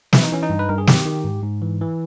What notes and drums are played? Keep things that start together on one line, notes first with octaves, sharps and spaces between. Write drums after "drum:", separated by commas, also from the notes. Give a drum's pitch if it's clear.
E3 E4, drum: snare
D#4
E3 C#4
D#4
G2
B4
G2 A#4
G#4
D#3 G4, drum: snare
D#3
G#2
G#2
E3
E3